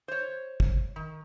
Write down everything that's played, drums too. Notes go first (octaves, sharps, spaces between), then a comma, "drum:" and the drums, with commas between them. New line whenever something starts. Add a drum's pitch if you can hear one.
C5 C#5
drum: kick
D#3